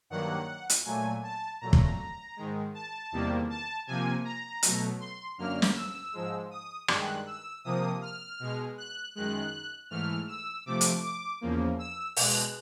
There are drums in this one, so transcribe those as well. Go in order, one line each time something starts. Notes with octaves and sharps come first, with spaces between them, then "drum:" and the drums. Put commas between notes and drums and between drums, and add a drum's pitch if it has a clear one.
G2 D#3 F#3 A#3 F#5
drum: hi-hat
A#2 F#3 A3 G#5
A5
A#2 F#3 A3 A#5
drum: kick
G#2 D#3 G#3
A5
E2 C3 D#3 G3 A#3
A5
C3 F3 A#3 G#5
A#5
B2 F#3 A3, drum: hi-hat
C6
F#2 D3 F#3 A#3 F6
drum: snare
E6
G#2 F3 G#3
D#6
G2 D#3 G#3 F#6, drum: rim click
E6
C3 F3 A#3 D#6
F6
B2 G#3
F#6
F#2 D#3 G#3 F#6
G#2 E3 A3 F6
E6
C3 F3 A3 D6
drum: hi-hat
D6
E2 C#3 F3 A#3
E6
B2 G#3 F#6, drum: open hi-hat